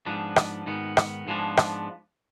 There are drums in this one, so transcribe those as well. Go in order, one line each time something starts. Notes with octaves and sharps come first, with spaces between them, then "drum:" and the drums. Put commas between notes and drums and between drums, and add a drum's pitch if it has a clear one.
G#2 F3 B3 D4
drum: rim click
G#2 D#3 B3
drum: rim click
G#2 F3 G#3 B3 D4
drum: rim click